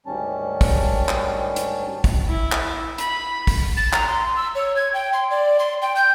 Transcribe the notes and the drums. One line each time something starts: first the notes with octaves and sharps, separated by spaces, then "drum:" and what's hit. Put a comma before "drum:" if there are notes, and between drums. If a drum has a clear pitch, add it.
D2 G#2 D#3 G3 C#4 A5
drum: kick, open hi-hat
drum: clap
drum: hi-hat
drum: kick, open hi-hat
E4
drum: clap
B5, drum: hi-hat
drum: kick, open hi-hat
A6
A#5, drum: clap
C6
E6
C#5
G#6
G5
C6
D5
C6
G5
G6